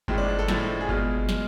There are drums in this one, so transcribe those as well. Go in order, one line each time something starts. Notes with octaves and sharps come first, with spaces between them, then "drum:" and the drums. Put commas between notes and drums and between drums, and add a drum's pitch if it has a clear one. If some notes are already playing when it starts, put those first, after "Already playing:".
A2 F3 G#3 C4, drum: kick G1
D4
D4
A4
A2 F3 G#3, drum: snare
G#4
B2 G#3 F4, drum: kick G1
G#3, drum: snare